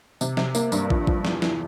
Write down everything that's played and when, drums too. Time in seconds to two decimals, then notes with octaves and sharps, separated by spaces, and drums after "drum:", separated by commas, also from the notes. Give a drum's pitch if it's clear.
0.21 C3, drum: tambourine
0.37 C3, drum: snare
0.55 A#3, drum: tambourine
0.72 G2, drum: tambourine
0.90 F3, drum: kick
1.07 F3, drum: kick
1.25 E2, drum: snare
1.42 E3, drum: snare